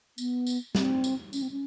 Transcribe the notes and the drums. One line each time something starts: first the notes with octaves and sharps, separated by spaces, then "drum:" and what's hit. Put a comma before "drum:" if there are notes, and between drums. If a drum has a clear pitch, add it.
B3, drum: tambourine
drum: tambourine
C4, drum: snare
drum: tambourine
C#4, drum: tambourine
C4
C#4